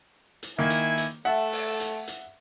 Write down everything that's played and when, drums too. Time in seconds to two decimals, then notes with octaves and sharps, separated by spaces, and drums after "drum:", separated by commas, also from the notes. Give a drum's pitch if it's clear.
0.43 drum: hi-hat
0.58 D#3 A#3 E4 G#5
0.70 drum: hi-hat
0.98 drum: hi-hat
1.25 A3 A4 E5 F#5
1.53 drum: open hi-hat
1.80 drum: hi-hat
2.08 drum: hi-hat